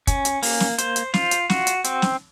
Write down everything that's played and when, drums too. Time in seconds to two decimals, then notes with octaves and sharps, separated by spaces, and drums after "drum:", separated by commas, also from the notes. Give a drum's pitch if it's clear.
0.07 C#4, drum: kick, hi-hat
0.25 drum: hi-hat
0.43 A#3, drum: open hi-hat
0.60 drum: snare
0.78 C5, drum: hi-hat
0.96 drum: hi-hat
1.14 F4, drum: snare
1.31 drum: hi-hat
1.50 F#4, drum: snare
1.67 drum: hi-hat
1.84 C4, drum: hi-hat
2.02 drum: snare